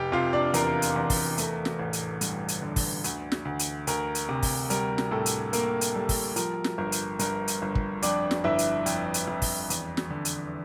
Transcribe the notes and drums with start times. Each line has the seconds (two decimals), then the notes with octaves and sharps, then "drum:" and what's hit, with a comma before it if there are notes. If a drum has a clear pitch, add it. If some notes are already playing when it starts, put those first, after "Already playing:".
Already playing: F1 G4 G5
0.12 C3 F4 F5
0.33 D4 D5
0.54 E2 A#4, drum: hi-hat
0.82 drum: hi-hat
0.96 E2
1.10 drum: kick, open hi-hat
1.38 A3, drum: hi-hat
1.65 drum: snare
1.79 A1
1.93 drum: hi-hat
2.21 G2, drum: hi-hat
2.48 drum: hi-hat
2.62 D3
2.76 drum: kick, open hi-hat
3.04 D2, drum: hi-hat
3.32 drum: snare
3.45 D2
3.59 drum: hi-hat
3.87 D2 A#4, drum: hi-hat
4.15 drum: hi-hat
4.29 C3
4.43 drum: kick, open hi-hat
4.70 G3 A#4, drum: hi-hat
4.98 drum: snare
5.11 A2 A4
5.26 drum: hi-hat
5.53 A#3 A#4, drum: hi-hat
5.81 drum: hi-hat
5.95 G3 A4
6.09 drum: kick, open hi-hat
6.36 F3 A#4, drum: hi-hat
6.64 drum: snare
6.78 G1 A#4
6.92 drum: hi-hat
7.19 G2 A#4, drum: hi-hat
7.48 drum: hi-hat
7.62 G1
7.75 drum: kick
8.02 F2 D4 D5, drum: hi-hat
8.31 drum: snare
8.44 G1 E4 E5
8.58 drum: hi-hat
8.86 F2, drum: hi-hat
9.14 drum: hi-hat
9.28 F2
9.42 drum: kick, open hi-hat
9.70 E2, drum: hi-hat
9.97 drum: snare
10.10 D3
10.25 drum: hi-hat